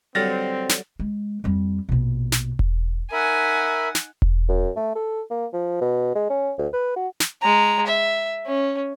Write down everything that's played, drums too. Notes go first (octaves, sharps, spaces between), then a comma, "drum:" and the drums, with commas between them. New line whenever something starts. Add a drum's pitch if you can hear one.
D3 F#3 G3 C4 F6 A6 A#6
drum: snare
G#3
F2 G3
A#1 B2
drum: snare
drum: kick E1
D#4 A#4 E5 F#5 G#5 B5
drum: snare
drum: kick E1
F#2
A3
A4
A#3
F3
B2
G#3
C#4
D2
B4
F#4
drum: snare
G#3 A#5
E5
C#4